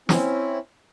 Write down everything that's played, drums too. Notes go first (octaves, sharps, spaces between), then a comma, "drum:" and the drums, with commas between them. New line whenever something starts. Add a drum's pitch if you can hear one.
C4 C#4 E4, drum: snare